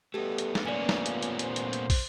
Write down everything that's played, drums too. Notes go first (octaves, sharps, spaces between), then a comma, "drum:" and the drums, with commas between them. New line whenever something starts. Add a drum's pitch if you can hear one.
E2 B2 A3 B3 G4 A4
drum: hi-hat
drum: snare
C#2 A#2 F3 A#3 C#4 D5 G#5
drum: snare
drum: hi-hat
drum: hi-hat
C5, drum: hi-hat
drum: hi-hat
drum: hi-hat
drum: kick, open hi-hat